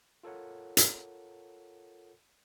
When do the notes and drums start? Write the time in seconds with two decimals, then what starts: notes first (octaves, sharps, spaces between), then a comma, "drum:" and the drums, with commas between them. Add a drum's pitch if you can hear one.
0.23 F4 A4 A#4 C#5 F#5
0.77 drum: hi-hat